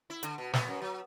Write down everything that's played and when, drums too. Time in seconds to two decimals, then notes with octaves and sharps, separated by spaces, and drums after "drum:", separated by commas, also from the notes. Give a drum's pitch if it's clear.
0.10 E4
0.23 D3, drum: hi-hat
0.38 B2
0.53 B3, drum: snare
0.68 F#2
0.82 F#3